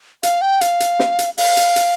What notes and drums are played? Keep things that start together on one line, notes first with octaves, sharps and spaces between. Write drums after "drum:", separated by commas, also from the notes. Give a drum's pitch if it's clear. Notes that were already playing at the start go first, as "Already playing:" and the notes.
F5, drum: hi-hat
G5
F5, drum: hi-hat
drum: hi-hat
drum: snare
drum: hi-hat
F5, drum: open hi-hat
drum: hi-hat
drum: hi-hat